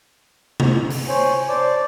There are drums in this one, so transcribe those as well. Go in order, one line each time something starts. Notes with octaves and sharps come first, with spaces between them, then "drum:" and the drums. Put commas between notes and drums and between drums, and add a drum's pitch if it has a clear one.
drum: tom C3
drum: open hi-hat
C5 C#5 G#5
C5 D5 A5 D6